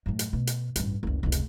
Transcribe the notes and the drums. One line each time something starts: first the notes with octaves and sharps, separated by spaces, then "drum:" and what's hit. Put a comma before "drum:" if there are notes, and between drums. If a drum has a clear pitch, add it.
F#2 A2
drum: hi-hat
B2
drum: hi-hat
A1 G2, drum: hi-hat
F#1 C#2
F1 C#2
drum: hi-hat